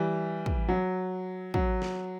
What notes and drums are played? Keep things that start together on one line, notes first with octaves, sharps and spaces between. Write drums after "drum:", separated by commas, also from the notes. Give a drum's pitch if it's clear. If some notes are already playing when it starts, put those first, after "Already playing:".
Already playing: E3 G3
drum: kick
F#3
F#3, drum: kick
drum: snare